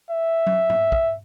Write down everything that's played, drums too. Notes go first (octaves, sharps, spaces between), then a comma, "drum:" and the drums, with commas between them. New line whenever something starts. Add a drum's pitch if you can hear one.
E5
drum: tom F#3
drum: tom
drum: kick